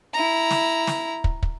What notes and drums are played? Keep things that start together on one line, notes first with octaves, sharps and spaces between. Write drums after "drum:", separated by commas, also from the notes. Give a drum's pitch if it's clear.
E4 A#5
drum: snare
drum: snare
drum: kick
drum: kick